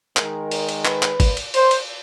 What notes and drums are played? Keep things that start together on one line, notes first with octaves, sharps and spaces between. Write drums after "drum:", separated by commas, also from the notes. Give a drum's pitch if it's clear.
D#3 G#3 A#4, drum: clap
drum: cymbal
drum: cymbal
B4, drum: clap
drum: clap
drum: kick, cymbal
drum: cymbal
C5, drum: cymbal
drum: cymbal